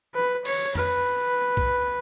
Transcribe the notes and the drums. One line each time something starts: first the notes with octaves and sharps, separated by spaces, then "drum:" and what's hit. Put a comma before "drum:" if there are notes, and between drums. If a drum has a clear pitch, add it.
B4
C#5, drum: cymbal
B4, drum: tom F2
drum: kick